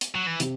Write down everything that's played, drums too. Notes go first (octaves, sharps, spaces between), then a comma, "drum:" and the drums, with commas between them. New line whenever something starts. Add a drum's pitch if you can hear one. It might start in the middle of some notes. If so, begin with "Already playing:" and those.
drum: hi-hat
F#3
E3
C3, drum: hi-hat